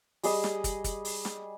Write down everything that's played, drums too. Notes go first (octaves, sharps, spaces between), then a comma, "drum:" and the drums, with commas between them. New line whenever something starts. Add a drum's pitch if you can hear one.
G3 G#4 D#5, drum: open hi-hat
drum: snare
drum: kick, hi-hat
drum: kick, hi-hat
drum: open hi-hat
drum: snare